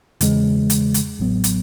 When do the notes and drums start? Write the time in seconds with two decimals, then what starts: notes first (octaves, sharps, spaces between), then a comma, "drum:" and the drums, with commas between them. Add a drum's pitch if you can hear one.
0.21 E2 C#3 E3 G#3, drum: hi-hat
0.70 drum: hi-hat
0.94 drum: hi-hat
1.19 A1 A2 F#3 B3
1.44 drum: hi-hat